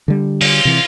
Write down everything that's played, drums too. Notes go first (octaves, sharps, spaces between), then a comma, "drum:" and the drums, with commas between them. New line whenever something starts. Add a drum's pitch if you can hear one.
D3 G3
F4, drum: open hi-hat
C3 E3